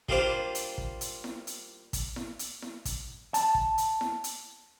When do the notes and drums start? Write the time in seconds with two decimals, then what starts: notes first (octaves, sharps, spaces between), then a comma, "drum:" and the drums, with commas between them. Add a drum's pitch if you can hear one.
0.09 G3 A#3 D4 F4 G4 C5, drum: kick
0.55 drum: hi-hat
0.78 drum: kick
1.01 drum: hi-hat
1.24 drum: snare E4
1.47 drum: hi-hat
1.93 drum: kick, hi-hat
2.16 drum: snare E4
2.39 drum: hi-hat
2.62 drum: snare E4
2.85 drum: kick, hi-hat
3.34 A5, drum: hi-hat
3.55 drum: kick
3.78 drum: hi-hat
4.01 drum: snare E4
4.24 drum: hi-hat